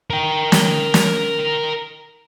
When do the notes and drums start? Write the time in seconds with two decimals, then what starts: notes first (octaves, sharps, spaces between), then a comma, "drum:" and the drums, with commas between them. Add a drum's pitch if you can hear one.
0.10 A#4 G5
0.52 drum: snare
0.94 drum: snare